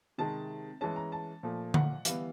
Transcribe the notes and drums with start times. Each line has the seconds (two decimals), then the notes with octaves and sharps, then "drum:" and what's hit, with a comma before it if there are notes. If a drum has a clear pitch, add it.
0.18 C3 D#3 G#3 A5
0.81 E3 G#3 C#4 A5
0.96 A#5
1.12 A5
1.43 A#2 F3 A3
1.74 F#5, drum: tom D3
2.05 E3 G3 B3 F5, drum: hi-hat